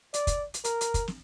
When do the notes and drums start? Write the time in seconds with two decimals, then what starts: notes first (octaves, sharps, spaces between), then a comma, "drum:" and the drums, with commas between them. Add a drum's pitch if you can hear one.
0.14 D5, drum: hi-hat
0.27 drum: kick, hi-hat
0.54 drum: hi-hat
0.64 A#4, drum: hi-hat
0.81 drum: hi-hat
0.94 drum: kick, hi-hat
1.08 drum: snare